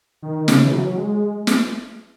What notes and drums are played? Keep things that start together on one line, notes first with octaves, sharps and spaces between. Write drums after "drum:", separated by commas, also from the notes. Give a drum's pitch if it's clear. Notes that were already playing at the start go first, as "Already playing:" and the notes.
D#3
D#3
C#3, drum: snare
E3
F#3
G#3
drum: snare